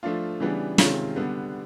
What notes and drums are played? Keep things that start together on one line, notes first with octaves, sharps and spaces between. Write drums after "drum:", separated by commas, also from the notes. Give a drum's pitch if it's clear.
F3 A3 D4 F4
C#3 E3 G3 B3 D4
C3 D#3 G#3 C#4 F4, drum: snare
D3 G3 B3 D4